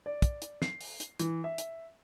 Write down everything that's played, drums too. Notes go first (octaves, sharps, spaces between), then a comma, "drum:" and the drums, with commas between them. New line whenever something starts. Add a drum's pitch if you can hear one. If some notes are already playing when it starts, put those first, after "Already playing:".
D5
drum: kick, hi-hat
drum: hi-hat
C7, drum: snare
drum: open hi-hat
drum: hi-hat
E3, drum: hi-hat
E5
drum: hi-hat